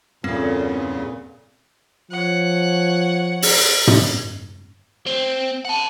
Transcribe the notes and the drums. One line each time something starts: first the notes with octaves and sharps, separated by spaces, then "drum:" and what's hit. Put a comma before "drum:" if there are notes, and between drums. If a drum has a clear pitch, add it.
E2 G2 A#2 C#3 B3 C4 A4
F3 C#5 F#5
drum: open hi-hat
drum: tom
C4
F#5 A5